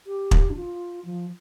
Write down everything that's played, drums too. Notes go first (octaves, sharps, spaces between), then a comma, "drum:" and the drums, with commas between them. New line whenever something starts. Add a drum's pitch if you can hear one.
G4
drum: kick
D4
F4
F3